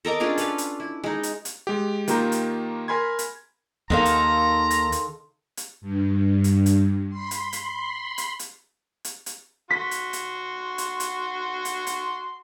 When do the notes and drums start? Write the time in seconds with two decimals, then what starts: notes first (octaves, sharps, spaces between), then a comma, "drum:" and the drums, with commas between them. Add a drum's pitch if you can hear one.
0.05 A4 A#4 D#5 D6
0.20 C#4 D4 F4 G#4
0.38 A4 B4 F5, drum: hi-hat
0.58 drum: hi-hat
0.80 E4
1.04 G#3 D#4
1.23 drum: hi-hat
1.45 drum: hi-hat
1.67 G#3 G4
2.08 D#3 A#3 F4 G4 A#5 G6, drum: hi-hat
2.32 drum: hi-hat
2.88 A#4 G#5 B5 C6 G#6
3.19 drum: hi-hat
3.90 D#2 D#3 A4 F5 A#5 C6
4.05 drum: hi-hat
4.71 drum: hi-hat
4.92 drum: hi-hat
5.57 drum: hi-hat
5.81 G2
6.44 drum: hi-hat
6.66 drum: hi-hat
7.09 B5 C6
7.31 drum: hi-hat
7.53 drum: hi-hat
8.18 drum: hi-hat
8.39 drum: hi-hat
9.05 drum: hi-hat
9.26 drum: hi-hat
9.70 F#4 C6 B6
9.91 drum: hi-hat
10.13 drum: hi-hat
10.78 drum: hi-hat
11.00 drum: hi-hat
11.65 drum: hi-hat
11.87 drum: hi-hat